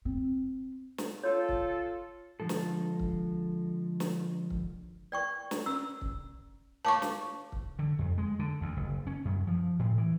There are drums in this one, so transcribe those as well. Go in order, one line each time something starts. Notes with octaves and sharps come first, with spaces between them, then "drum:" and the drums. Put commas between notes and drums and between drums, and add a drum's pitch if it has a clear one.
C4
drum: snare
F4 A4 C#5
drum: kick C#1
D3 F3 G#3 A4
drum: snare
drum: kick C#1
drum: snare
drum: kick C#1
D5 G5 C#6
drum: snare
C#4 E6
drum: kick C#1
C#5 F5 A5 C#6 D6
drum: snare
drum: kick C#1
D3
F2
G#3
D3
D2
F#1
C#4
F#2
F3
A2
E3